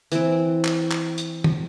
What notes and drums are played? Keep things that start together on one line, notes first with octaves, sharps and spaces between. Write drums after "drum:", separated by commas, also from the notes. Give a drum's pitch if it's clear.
E3 C4, drum: hi-hat
drum: clap
drum: clap
drum: hi-hat
drum: tom